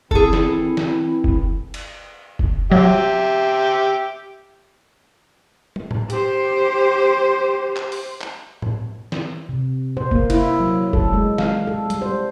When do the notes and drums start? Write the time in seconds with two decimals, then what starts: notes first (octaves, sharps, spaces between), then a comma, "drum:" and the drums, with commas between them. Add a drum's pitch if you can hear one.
0.11 E3 C4 E4 G#4 A4, drum: kick
0.33 drum: snare E3
0.77 drum: snare E3
1.24 drum: kick
1.74 drum: cymbal
2.39 drum: kick
2.72 F#3 G4 E5
5.76 drum: tom
5.91 drum: tom A2
6.10 G4 C5, drum: hi-hat
7.76 drum: clap
7.92 drum: open hi-hat
8.21 drum: clap
8.62 drum: tom A2
9.12 drum: snare E3
9.49 C3
9.97 C5, drum: tom A#2
10.11 A#3, drum: kick
10.30 E4, drum: cymbal
10.60 F#3
10.93 A4, drum: kick
11.13 G#3
11.38 F5, drum: snare E3
11.67 A4
11.90 G3, drum: hi-hat
12.02 C5